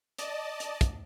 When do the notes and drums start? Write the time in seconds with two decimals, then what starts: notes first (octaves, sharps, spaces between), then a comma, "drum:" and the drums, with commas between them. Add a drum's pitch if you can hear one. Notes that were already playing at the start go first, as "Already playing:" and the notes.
0.18 D5 D#5 A5, drum: hi-hat
0.60 drum: hi-hat
0.81 drum: kick, hi-hat